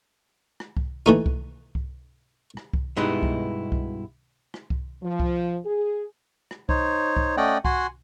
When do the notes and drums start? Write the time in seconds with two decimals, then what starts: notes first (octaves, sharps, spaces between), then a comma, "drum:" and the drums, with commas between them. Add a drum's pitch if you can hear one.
0.60 drum: rim click
0.77 drum: kick C2
1.06 E3 A3 D#4
1.26 drum: kick C2
1.75 drum: kick C2
2.57 drum: rim click
2.73 drum: kick C2
2.97 G2 B2 G#3 B3 D#4 E4
3.23 drum: kick C2
3.72 drum: kick C2
4.54 drum: rim click
4.70 drum: kick C2
5.03 F3
5.20 drum: kick C2
5.66 G#4
6.51 drum: rim click
6.69 D#4 C5 C#5, drum: kick C2
7.17 drum: kick C2
7.37 A3 C#4 D5 D#5 F#5 G5
7.65 F#4 F#5 G#5 C6, drum: kick C2